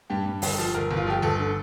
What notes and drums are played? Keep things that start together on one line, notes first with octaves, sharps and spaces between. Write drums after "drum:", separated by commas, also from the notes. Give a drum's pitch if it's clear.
G2 G4
G2
G1, drum: open hi-hat
F3
G1 A#4
G1
F4
F3 G4
G1 A4
D3